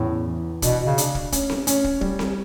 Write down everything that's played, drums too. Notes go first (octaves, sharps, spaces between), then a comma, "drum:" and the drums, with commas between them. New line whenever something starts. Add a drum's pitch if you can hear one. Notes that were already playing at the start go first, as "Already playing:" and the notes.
Already playing: E2 A2 C#3
E3
B2 D4, drum: kick, hi-hat
C#3
D4, drum: hi-hat
drum: kick
C#4, drum: kick, hi-hat
drum: snare C4
C#4, drum: hi-hat
drum: kick
G3, drum: kick
drum: snare C4